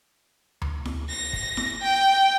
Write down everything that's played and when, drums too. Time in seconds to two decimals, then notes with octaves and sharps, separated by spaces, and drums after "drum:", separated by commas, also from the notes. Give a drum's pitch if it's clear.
0.62 drum: tom D2
0.85 drum: snare E4
1.09 A#6
1.33 drum: kick
1.57 drum: snare E4
1.82 G5